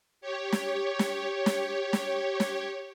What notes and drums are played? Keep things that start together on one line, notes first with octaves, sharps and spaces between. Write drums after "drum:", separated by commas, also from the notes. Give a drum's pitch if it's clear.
G4 C#5
drum: snare
drum: snare
drum: snare
drum: snare
drum: snare